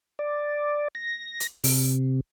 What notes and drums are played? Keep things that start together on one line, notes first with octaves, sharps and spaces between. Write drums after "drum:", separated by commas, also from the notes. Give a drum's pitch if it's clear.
D5
A#6
drum: hi-hat
C3, drum: open hi-hat